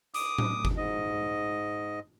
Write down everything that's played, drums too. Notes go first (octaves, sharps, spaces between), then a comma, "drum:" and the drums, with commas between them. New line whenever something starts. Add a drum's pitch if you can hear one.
D6 D#6, drum: hi-hat
drum: tom A2
drum: kick G1
G#2 D#5